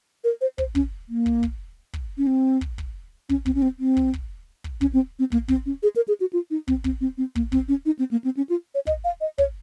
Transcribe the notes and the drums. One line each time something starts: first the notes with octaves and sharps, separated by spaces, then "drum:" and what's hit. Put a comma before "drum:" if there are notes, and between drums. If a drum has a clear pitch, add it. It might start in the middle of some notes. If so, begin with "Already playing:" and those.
A#4
C5
C5, drum: kick
C#4, drum: kick
A#3
drum: kick
drum: kick
drum: kick
C#4
C4
drum: kick
drum: kick
C#4, drum: kick
C4, drum: kick
C#4
C4
C4
drum: kick
drum: kick
drum: kick
C#4, drum: kick
C4
C4
A#3, drum: kick
C4, drum: kick
C#4
G#4
A#4
G#4
F#4
F4
D#4
C4, drum: kick
C4, drum: kick
C4
C4
A#3, drum: kick
C4, drum: kick
C#4
D#4
C4
A#3
C4
C#4
F4
C#5
D#5, drum: kick
F5
D#5
C#5, drum: kick